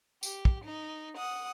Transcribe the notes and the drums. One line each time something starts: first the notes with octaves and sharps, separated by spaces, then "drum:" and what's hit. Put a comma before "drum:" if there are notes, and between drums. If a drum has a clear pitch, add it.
G4, drum: tambourine
drum: kick
D#4
F#5 D#6